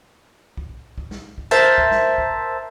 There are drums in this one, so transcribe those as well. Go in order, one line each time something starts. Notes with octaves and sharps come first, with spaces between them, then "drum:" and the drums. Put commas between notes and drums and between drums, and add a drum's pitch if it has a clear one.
drum: kick B1
drum: kick B1
drum: snare
drum: kick B1
A#4 C5 E5 A5
drum: kick B1
drum: snare
drum: kick B1